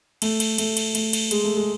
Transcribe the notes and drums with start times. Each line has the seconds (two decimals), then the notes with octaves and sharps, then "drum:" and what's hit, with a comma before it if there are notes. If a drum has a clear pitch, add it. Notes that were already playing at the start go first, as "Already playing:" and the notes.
0.22 A3, drum: cymbal
0.40 drum: cymbal
0.58 A3, drum: cymbal
0.77 drum: cymbal
0.95 A3, drum: cymbal
1.13 drum: cymbal
1.31 G#3, drum: cymbal
1.44 A3
1.56 G#3